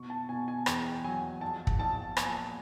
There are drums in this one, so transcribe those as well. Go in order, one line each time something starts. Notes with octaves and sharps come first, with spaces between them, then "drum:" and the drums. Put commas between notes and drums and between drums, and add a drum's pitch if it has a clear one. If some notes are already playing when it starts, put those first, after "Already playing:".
Already playing: B2 C#6
A5
B2 G#5
G#5
E2 G5, drum: rim click
F#3 G#5
A#1 A5
drum: kick
A#1 A5
A#2 G#5, drum: rim click